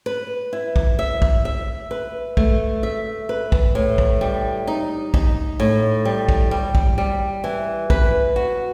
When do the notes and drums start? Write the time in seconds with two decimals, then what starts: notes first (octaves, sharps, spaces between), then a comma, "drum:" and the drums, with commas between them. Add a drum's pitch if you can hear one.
0.06 B4
0.53 E4
0.76 drum: kick
0.99 E5
1.22 drum: kick
1.45 E5
1.91 B4
2.37 A3, drum: kick
2.83 E5
3.29 B4
3.52 drum: kick
3.75 A2
3.98 drum: kick
4.21 G3
4.67 D#4
5.14 D#4, drum: kick
5.60 A2
6.05 G3
6.29 drum: kick
6.51 G3
6.75 drum: kick
6.98 G3
7.44 E3
7.90 B4, drum: kick
8.36 F#4